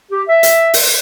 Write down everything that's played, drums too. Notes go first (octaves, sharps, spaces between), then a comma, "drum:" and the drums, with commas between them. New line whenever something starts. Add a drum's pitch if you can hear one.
G4
E5
drum: hi-hat
drum: open hi-hat